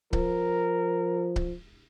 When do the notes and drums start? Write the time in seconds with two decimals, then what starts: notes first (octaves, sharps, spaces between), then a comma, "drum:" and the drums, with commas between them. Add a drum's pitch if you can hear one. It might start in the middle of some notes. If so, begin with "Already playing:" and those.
0.13 F3 A#4, drum: kick C#1
1.36 drum: kick C#1